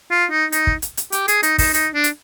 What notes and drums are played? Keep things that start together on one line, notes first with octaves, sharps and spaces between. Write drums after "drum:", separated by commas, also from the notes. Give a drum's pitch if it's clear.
F4
D#4
D#4, drum: hi-hat
drum: kick
drum: hi-hat
drum: hi-hat
G4, drum: hi-hat
G#4, drum: hi-hat
D#4, drum: hi-hat
D#4, drum: kick, open hi-hat
D#4, drum: hi-hat
D4
drum: hi-hat